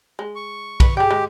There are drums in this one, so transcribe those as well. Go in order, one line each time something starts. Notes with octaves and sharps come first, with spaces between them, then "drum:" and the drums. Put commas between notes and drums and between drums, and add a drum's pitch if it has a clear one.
G#3
C#6
B4, drum: kick B1, cymbal
G4 G#4 G5
G#3